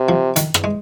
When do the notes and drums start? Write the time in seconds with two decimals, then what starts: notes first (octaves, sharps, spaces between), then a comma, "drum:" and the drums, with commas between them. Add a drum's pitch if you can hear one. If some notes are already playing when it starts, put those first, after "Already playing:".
Already playing: C3
0.09 F3
0.36 D#3, drum: hi-hat
0.54 drum: rim click
0.64 G#3